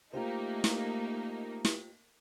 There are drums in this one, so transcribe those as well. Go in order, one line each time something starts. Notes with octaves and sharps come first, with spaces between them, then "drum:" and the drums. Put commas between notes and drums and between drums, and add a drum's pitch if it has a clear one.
A3 A#3 D#4 F4 G4 C5
drum: snare
drum: snare